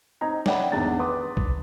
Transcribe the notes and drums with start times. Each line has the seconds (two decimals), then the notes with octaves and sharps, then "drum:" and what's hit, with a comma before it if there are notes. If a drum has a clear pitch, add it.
0.21 C4 D#4 A#5 G#6
0.46 C#5 D5 E5 F#5 G5 B5, drum: snare
0.72 G#1 E2 D4 F#5 A#5 A6
0.99 B4 C6 D6 D#6
1.37 drum: kick B1